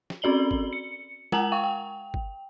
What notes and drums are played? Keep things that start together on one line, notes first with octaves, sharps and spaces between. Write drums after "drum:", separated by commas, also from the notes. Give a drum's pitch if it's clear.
drum: snare
C4 C#4 F#4 D5 F#7 G7
drum: kick
C#7
G#3 A#4 F#5 G#5 A#5 F#7, drum: snare
F5 G5 C#6
G5
drum: kick